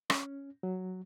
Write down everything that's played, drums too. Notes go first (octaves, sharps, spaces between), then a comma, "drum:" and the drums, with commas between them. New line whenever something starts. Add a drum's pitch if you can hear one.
C#4, drum: rim click
F#3